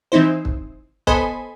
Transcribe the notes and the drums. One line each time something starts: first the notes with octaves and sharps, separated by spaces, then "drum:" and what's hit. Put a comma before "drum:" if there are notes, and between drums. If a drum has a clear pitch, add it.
E3 C4 D#4 E4 C5
drum: kick
B3 A4 C5 D#5 G#5 B5, drum: kick